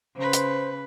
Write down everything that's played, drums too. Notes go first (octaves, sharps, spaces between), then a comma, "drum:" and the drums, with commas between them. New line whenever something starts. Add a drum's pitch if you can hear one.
C#3 B4 C5
drum: hi-hat